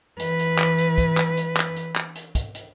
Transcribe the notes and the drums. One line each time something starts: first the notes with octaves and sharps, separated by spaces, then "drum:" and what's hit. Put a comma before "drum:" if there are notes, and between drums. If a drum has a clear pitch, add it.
E3 B4, drum: hi-hat
drum: hi-hat
drum: clap
drum: hi-hat
drum: kick, hi-hat
drum: clap
drum: hi-hat
drum: clap
drum: hi-hat
drum: clap
drum: hi-hat
drum: kick, hi-hat
drum: hi-hat